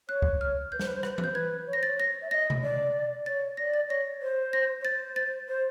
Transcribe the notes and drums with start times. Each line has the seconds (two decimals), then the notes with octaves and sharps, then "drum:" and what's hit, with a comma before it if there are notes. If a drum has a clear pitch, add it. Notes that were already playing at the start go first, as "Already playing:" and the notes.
0.09 C#5 F#6
0.22 drum: kick
0.41 F6
0.72 B4 G6
0.79 C5, drum: snare G3
0.87 B4
0.95 C5
1.03 B4, drum: rim click
1.10 C5
1.18 B4, drum: tom E3
1.24 C5 G6
1.33 B4 G#6
1.67 C#5
1.73 C5 A#6
1.83 C#5 A6
2.00 A#6
2.22 E5
2.31 D#5 A#6
2.50 drum: tom B2
2.62 D5
3.26 C#5 A6
3.57 D5 A#6
3.74 A6
3.89 C#5 A#6
4.22 C5
4.53 A#6
4.81 C#5
4.84 C5 A6
5.16 A6
5.48 C5